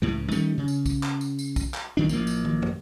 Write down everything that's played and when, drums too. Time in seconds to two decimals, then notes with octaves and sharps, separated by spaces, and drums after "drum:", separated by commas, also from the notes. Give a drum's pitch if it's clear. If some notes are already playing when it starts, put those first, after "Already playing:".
0.02 C#2 A2 E3
0.32 D#3 G3 A3 C#4, drum: tambourine
0.58 C#3
0.68 drum: tambourine
0.86 drum: kick, tambourine
1.03 drum: clap
1.21 drum: tambourine
1.39 drum: tambourine
1.56 drum: kick, tambourine
1.74 drum: clap
1.97 C2 D#3 D4
2.09 A1 F3 A#3, drum: tambourine
2.27 drum: tambourine
2.45 drum: tom
2.62 drum: tom